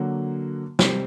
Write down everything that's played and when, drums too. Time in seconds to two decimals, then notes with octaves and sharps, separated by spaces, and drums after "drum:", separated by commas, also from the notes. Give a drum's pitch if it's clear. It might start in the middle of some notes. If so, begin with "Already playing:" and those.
Already playing: D3 F#3 A#3 F#4
0.79 C3 G3 C4, drum: snare